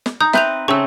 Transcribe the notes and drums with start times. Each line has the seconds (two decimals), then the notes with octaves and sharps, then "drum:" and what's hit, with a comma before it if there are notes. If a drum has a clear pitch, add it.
0.06 drum: snare
0.21 D#4 A#5 D#6 G6
0.33 C4 B4 E5 G6 F7, drum: snare
0.68 C#3 A3 C4 C#6 E6